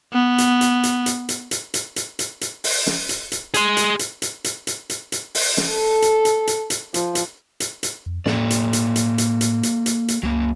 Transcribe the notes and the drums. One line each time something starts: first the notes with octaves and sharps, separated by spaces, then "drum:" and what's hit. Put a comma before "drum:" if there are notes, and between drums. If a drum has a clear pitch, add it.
B3
drum: hi-hat
drum: hi-hat
drum: hi-hat
drum: hi-hat
drum: hi-hat
drum: hi-hat
drum: hi-hat
drum: hi-hat
drum: hi-hat
drum: hi-hat
drum: open hi-hat
drum: snare
drum: hi-hat
drum: hi-hat
G#4 C6, drum: hi-hat
drum: hi-hat
drum: hi-hat
drum: hi-hat
drum: hi-hat
drum: hi-hat
drum: hi-hat
drum: hi-hat
drum: open hi-hat
drum: snare
A4
drum: hi-hat
drum: hi-hat
drum: hi-hat
drum: hi-hat
F3, drum: hi-hat
drum: hi-hat
drum: hi-hat
drum: hi-hat
F2
A2 A#3 A4 D5, drum: snare
drum: hi-hat
drum: hi-hat
drum: hi-hat
drum: hi-hat
drum: hi-hat
drum: hi-hat
drum: hi-hat
drum: hi-hat
C#2 F#3 A#3